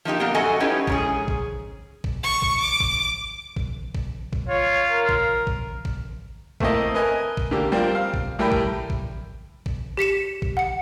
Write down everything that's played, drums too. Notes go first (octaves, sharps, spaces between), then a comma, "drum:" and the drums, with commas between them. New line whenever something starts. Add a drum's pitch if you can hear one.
F3 A#3 D#4 G4
A#3 B3 G4
F#2 F#4 A4 D#5 F#5 G#5
C#4 D#4 E4 G4 B4
G#2 C#4 G#4, drum: kick A1
drum: kick A1
drum: kick A1
C#6
drum: kick A1
D6
drum: kick A1
drum: kick A1
drum: kick A1
drum: kick A1
F4 C#5
A#4
drum: kick A1
drum: kick A1
drum: kick A1
A3 A#3 C4 E4 D#5, drum: kick A1
A#4 B4 D#5 G#5
drum: kick A1
D3 A#3 G4
G3 C4 F4 A#4 C5
F5
drum: kick A1
A2 G3 A#4 G5 B5
drum: kick A1
drum: kick A1
drum: kick A1
G4 B6 C#7 E7
drum: kick A1
F#5 C#7